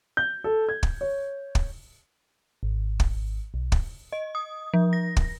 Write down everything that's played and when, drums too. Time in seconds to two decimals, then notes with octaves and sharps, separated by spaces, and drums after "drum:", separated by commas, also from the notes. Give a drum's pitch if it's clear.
0.17 G6
0.44 A4
0.69 G#6
0.83 drum: kick
1.01 C#5
1.55 drum: kick
2.63 G#1
3.00 drum: kick
3.54 B1
3.72 drum: kick
4.12 D#5
4.35 D#6
4.74 F3
4.93 A#6
5.17 drum: kick